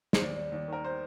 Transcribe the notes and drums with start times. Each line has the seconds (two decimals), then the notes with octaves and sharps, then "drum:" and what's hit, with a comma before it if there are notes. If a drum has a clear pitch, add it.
0.13 C5, drum: snare
0.21 D#2 D5
0.36 G3
0.52 D#2
0.68 D#3 A#4
0.85 C5